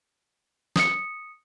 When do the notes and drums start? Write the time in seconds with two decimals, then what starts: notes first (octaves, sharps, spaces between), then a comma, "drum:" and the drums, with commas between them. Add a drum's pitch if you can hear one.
0.76 D#6 C#7, drum: snare